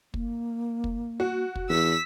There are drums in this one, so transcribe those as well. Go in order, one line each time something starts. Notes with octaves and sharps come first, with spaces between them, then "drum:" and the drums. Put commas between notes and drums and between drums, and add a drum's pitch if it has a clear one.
A#3, drum: kick
drum: kick
F#4
drum: kick
E2 E6 B6